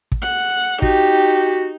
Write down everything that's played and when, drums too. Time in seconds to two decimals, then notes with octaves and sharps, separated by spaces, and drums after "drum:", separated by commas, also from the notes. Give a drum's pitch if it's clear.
0.12 drum: kick
0.22 F#5
0.82 D#4 F#4 G4, drum: kick